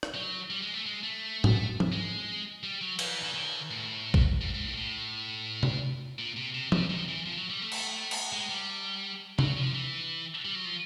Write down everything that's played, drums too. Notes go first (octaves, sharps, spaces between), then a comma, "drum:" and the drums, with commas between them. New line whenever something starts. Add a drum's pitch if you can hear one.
drum: rim click
F#3
G3
G#3
A3
G#3
A3
drum: tom G#2
drum: tom
G#3
G3
F#3
F3, drum: cymbal
E3
D#3
D#3
A2
drum: kick
G#2
G#2
A2
A2
drum: tom C3
A#2
C3
C3
C#3, drum: tom
D#3
E3
F3
F#3
G3
A3
drum: cymbal
drum: cymbal
G#3
G3
F#3, drum: tom C3
F3
E3
G3
F#3
F3